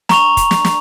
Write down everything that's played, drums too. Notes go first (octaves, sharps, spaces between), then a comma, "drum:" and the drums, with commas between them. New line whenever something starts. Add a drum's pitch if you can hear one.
A#5 C#6 F7, drum: snare
drum: kick, hi-hat
drum: snare
drum: snare